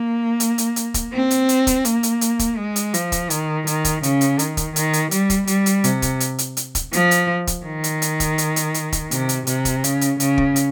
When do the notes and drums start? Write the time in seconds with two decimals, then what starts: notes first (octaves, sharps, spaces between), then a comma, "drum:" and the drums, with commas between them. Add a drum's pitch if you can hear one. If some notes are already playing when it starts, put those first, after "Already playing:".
Already playing: A#3
0.40 drum: hi-hat
0.58 drum: hi-hat
0.76 drum: hi-hat
0.94 drum: kick, hi-hat
1.13 C4
1.31 drum: hi-hat
1.49 drum: hi-hat
1.67 drum: kick, hi-hat
1.85 A#3, drum: hi-hat
2.03 drum: hi-hat
2.21 drum: hi-hat
2.39 drum: kick, hi-hat
2.57 G#3
2.76 drum: hi-hat
2.94 F3, drum: hi-hat
3.12 drum: kick, hi-hat
3.30 D#3, drum: hi-hat
3.67 D#3, drum: hi-hat
3.85 drum: kick, hi-hat
4.03 C#3, drum: hi-hat
4.21 drum: hi-hat
4.39 D#3, drum: hi-hat
4.57 drum: kick, hi-hat
4.76 D#3, drum: hi-hat
4.93 drum: hi-hat
5.11 G3, drum: hi-hat
5.30 drum: kick, hi-hat
5.47 G3, drum: hi-hat
5.66 drum: hi-hat
5.84 C3, drum: hi-hat
6.02 drum: kick, hi-hat
6.20 drum: hi-hat
6.38 drum: hi-hat
6.57 drum: hi-hat
6.75 drum: kick, hi-hat
6.93 F3, drum: hi-hat
7.11 drum: hi-hat
7.47 drum: kick, hi-hat
7.65 D#3
7.84 drum: hi-hat
8.02 drum: hi-hat
8.20 drum: kick, hi-hat
8.38 drum: hi-hat
8.56 drum: hi-hat
8.74 drum: hi-hat
8.92 drum: kick, hi-hat
9.11 C3, drum: hi-hat
9.29 drum: hi-hat
9.47 C3, drum: hi-hat
9.65 drum: kick, hi-hat
9.84 C#3, drum: hi-hat
10.01 drum: hi-hat
10.20 C#3, drum: hi-hat
10.38 drum: kick
10.56 drum: hi-hat